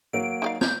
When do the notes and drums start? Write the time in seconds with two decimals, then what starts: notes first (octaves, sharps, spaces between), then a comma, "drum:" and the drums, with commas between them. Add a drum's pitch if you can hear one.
0.13 F#3 A#3 D7
0.42 D#4 D5 F5
0.61 C#5 G6, drum: snare